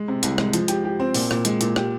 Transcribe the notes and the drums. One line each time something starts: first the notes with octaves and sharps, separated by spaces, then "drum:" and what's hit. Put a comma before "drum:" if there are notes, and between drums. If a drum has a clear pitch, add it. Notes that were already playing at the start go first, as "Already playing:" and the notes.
Already playing: G#3
C3
C2, drum: hi-hat
G#3, drum: rim click
F3, drum: hi-hat
G4, drum: hi-hat
G4
C4
A#2, drum: open hi-hat
A#2, drum: rim click
G#3, drum: hi-hat
A#2, drum: hi-hat
G4, drum: rim click